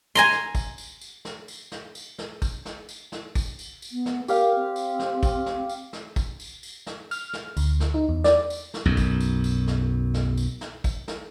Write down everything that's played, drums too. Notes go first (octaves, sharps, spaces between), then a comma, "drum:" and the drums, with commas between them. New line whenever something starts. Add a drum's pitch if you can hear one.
G#5 A#5 C6
drum: snare
drum: kick, tambourine
drum: tambourine
drum: tambourine
drum: snare
drum: tambourine
drum: snare
drum: tambourine
drum: snare
drum: kick, tambourine
drum: snare
drum: tambourine
drum: snare
drum: kick, tambourine
drum: tambourine
drum: tambourine
B3
drum: snare
G4 A#4 F5, drum: tambourine
C4
drum: tambourine
drum: snare
drum: kick, tambourine
drum: snare
drum: tambourine
drum: snare
drum: kick, tambourine
drum: tambourine
drum: tambourine
drum: snare
F6, drum: tambourine
drum: snare
D2, drum: tambourine
drum: snare
D#4
E2
D5, drum: snare
drum: tambourine
drum: snare
B1 F#2
drum: kick, tambourine
drum: tambourine
drum: tambourine
drum: snare
drum: snare
drum: tambourine
drum: snare
drum: kick, tambourine
drum: snare